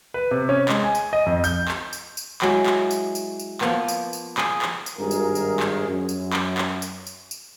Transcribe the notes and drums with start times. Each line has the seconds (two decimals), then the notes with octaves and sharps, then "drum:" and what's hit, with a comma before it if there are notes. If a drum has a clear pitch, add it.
0.14 B4
0.31 C3
0.49 C#4
0.69 G#3, drum: clap
0.84 G#5
0.95 drum: tambourine
1.13 D#5
1.26 F2
1.44 G6, drum: tambourine
1.68 drum: clap
1.93 drum: tambourine
2.17 drum: tambourine
2.42 F#3 G#3 E4, drum: clap
2.66 drum: clap
2.91 drum: tambourine
3.15 drum: tambourine
3.40 drum: tambourine
3.61 F3 A#3 B3, drum: clap
3.88 drum: tambourine
4.13 drum: tambourine
4.38 G#4, drum: clap
4.62 drum: clap
4.86 drum: tambourine
4.98 G#1 G2 G#4 A#4
5.11 drum: tambourine
5.35 drum: tambourine
5.60 drum: clap
5.88 F#2
6.09 drum: tambourine
6.33 drum: clap
6.58 drum: clap
6.82 drum: tambourine
7.07 drum: tambourine
7.31 drum: tambourine